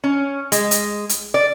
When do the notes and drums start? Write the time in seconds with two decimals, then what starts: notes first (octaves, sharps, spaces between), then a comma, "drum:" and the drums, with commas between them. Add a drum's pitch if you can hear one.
0.04 C#4
0.52 G#3, drum: hi-hat
0.71 drum: hi-hat
1.09 drum: hi-hat
1.34 D5